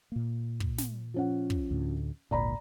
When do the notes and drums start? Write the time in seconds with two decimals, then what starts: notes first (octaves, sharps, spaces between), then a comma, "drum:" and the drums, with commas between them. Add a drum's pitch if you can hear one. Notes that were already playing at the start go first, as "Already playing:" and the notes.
0.12 A#2 A#3
0.60 drum: kick
0.78 drum: snare
1.14 F3 C#4 F#5
1.50 drum: kick
1.71 D2 A2
2.31 G#1 D2 A#2 D5 A#5 B5